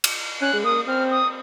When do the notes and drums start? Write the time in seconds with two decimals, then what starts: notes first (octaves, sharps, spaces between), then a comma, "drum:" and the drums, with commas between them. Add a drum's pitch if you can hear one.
0.04 drum: cymbal
0.41 C#4 F#6
0.53 G#3
0.64 A#3 D#6
0.87 C4 F6
1.11 D#6